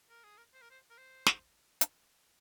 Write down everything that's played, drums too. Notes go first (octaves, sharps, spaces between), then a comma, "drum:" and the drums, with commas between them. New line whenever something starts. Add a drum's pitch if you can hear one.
A#4
G#4
A#4
C5
A#4
C5
A#4
C5
drum: snare
drum: hi-hat